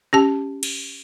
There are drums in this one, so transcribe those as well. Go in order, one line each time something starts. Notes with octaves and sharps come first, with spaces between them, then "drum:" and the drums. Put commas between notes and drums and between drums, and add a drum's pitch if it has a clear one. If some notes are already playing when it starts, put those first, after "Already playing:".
C#4 G4 A5
drum: cymbal